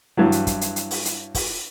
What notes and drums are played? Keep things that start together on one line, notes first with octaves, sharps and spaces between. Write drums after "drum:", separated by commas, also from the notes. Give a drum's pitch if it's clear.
G2 E3 F#3
drum: hi-hat
drum: kick, hi-hat
drum: hi-hat
drum: hi-hat
drum: open hi-hat
drum: hi-hat
drum: kick, open hi-hat